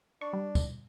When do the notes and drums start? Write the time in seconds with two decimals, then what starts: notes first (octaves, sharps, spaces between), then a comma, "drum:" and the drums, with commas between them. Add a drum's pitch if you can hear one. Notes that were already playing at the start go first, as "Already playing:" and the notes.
0.21 D4 C#6
0.33 G3
0.55 drum: kick, tambourine